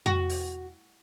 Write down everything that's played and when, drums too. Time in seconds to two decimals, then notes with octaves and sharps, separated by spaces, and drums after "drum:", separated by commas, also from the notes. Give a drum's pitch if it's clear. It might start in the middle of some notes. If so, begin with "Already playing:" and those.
0.06 F#4, drum: tom F2
0.29 drum: open hi-hat